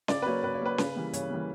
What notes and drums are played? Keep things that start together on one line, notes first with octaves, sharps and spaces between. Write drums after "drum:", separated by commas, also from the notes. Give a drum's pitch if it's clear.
C#3 D5, drum: snare C#4
B4
F#3 A#3 C#5
C#3 B4
C#5
F#3 A#3 B4
C#3, drum: snare C#4
E3 G3 A#3
C#3 C#5, drum: hi-hat
E3 G3 A#3